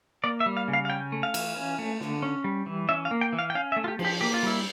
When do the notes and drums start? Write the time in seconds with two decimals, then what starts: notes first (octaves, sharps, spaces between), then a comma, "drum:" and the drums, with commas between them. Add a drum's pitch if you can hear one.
0.24 A#3 D5
0.40 E5
0.46 G3
0.57 F5
0.68 C#3
0.73 F5
0.85 F5
0.90 C#4 G5
1.12 A3
1.23 F5
1.34 E3, drum: cymbal
1.56 C#4
1.79 A3
2.01 D3, drum: snare
2.22 C#4
2.44 G3
2.66 E3
2.89 C#4 E5
3.05 F5
3.11 A#3
3.21 G5
3.33 E3
3.39 F5
3.50 G5
3.55 C#4 F5
3.72 E5
3.76 A3
3.84 F4
3.88 G4
3.99 F3, drum: cymbal
4.05 G4
4.21 A#3 G4
4.34 F4
4.43 G3 E4